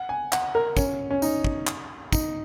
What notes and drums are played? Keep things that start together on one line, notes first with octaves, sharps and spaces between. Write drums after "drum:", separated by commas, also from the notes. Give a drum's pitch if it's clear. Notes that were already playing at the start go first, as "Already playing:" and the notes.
Already playing: F#5
G#5
F#5, drum: clap
A#4
C#4, drum: kick, tambourine
C#4
D#4, drum: tambourine
drum: kick
drum: clap
D#4, drum: kick, tambourine